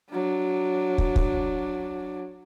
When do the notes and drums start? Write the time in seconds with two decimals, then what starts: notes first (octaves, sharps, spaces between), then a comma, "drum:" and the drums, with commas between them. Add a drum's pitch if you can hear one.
0.11 F#3 D4
0.98 drum: kick
1.16 drum: kick